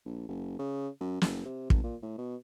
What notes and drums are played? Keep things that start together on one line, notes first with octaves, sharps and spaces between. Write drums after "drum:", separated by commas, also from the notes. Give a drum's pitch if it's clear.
A#1
F#1
C#3
F#2
F#1, drum: snare
C3
G#1, drum: kick
A#2
A2
B2